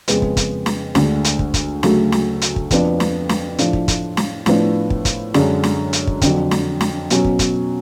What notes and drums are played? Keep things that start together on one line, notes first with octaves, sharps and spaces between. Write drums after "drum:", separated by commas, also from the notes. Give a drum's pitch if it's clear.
F2 C#3 G#3 B3, drum: hi-hat
drum: kick
drum: kick, hi-hat
drum: snare
D2 D3 G#3, drum: snare
drum: hi-hat
drum: kick
drum: kick, hi-hat
D2 C#3 F#3 A3, drum: snare
drum: snare
drum: hi-hat
drum: kick
F2 F3 B3 D4, drum: kick, hi-hat
drum: snare
drum: snare
A2 F3 A3 D4, drum: hi-hat
drum: kick
drum: kick, hi-hat
drum: snare
A2 F3 B3 D4, drum: snare
drum: kick
drum: kick, hi-hat
F#2 D3 G#3 D4, drum: snare
drum: snare
drum: hi-hat
drum: kick
F2 D3 F#3, drum: kick, hi-hat
drum: snare
drum: snare
B2 F#3 C#4, drum: hi-hat
drum: kick
drum: kick, hi-hat